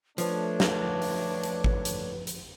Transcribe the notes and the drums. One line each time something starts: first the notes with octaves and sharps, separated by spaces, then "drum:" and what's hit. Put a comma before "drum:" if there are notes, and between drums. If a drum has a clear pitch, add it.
F3 A3 D4 B4 C#5, drum: hi-hat
drum: snare
drum: open hi-hat
drum: hi-hat
drum: kick G#1
drum: hi-hat
drum: hi-hat